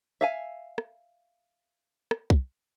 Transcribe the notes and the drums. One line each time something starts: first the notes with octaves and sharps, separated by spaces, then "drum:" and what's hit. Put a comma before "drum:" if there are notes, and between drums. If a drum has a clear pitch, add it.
E5 F5 G#5
drum: rim click
drum: rim click
drum: kick